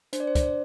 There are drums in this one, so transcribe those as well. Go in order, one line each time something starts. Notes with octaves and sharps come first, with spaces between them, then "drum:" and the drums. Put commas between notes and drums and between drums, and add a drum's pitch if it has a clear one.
D4 C5, drum: hi-hat
D5
C5
D5, drum: kick, hi-hat
C5